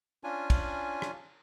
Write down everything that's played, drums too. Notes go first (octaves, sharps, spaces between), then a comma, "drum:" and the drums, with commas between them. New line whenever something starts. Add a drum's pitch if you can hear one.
C#4 D4 F4 G#5
drum: kick, cymbal
drum: rim click